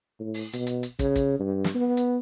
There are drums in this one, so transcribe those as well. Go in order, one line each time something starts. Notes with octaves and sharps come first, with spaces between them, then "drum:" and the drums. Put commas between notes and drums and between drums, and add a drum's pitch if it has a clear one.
A2
drum: open hi-hat
B2, drum: hi-hat
drum: hi-hat
drum: hi-hat
C#3, drum: kick, hi-hat
drum: kick, hi-hat
G2
drum: snare
B3
drum: hi-hat